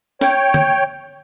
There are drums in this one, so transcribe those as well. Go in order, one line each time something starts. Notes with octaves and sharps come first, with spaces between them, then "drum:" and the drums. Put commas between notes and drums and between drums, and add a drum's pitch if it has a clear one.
C#5 G5, drum: snare
drum: tom